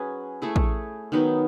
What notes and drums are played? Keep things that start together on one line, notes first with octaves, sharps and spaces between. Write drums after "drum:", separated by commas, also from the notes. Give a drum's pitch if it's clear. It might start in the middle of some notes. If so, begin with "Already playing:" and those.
Already playing: F#3 C#4 G#4 B4
A3 E4 G#4
drum: kick
D#3 F#3 B3 D#4